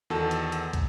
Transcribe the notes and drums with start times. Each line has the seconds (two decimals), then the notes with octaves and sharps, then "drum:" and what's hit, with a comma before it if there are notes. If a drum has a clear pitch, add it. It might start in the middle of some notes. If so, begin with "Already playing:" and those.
0.10 E2 D#3 F#4 A4 A5
0.31 drum: hi-hat
0.52 drum: hi-hat
0.73 drum: kick, hi-hat